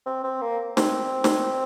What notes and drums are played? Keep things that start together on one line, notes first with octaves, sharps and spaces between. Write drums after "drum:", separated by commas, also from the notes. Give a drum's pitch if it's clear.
C4
C4
A#3
C4, drum: snare
drum: snare